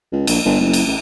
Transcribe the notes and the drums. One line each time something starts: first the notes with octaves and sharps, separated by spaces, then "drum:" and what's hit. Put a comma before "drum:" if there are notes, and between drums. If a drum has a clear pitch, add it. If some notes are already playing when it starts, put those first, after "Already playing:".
C#2
A#1, drum: cymbal
G1
F#1
drum: cymbal
A1